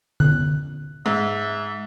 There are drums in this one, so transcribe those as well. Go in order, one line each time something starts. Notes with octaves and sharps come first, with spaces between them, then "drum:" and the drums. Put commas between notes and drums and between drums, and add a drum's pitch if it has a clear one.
F#6, drum: tom D3
G#2 E5